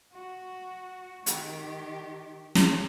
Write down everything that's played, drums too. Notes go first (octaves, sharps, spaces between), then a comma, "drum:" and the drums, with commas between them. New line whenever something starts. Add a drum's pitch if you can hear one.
F#4
D#3 G4, drum: hi-hat
drum: snare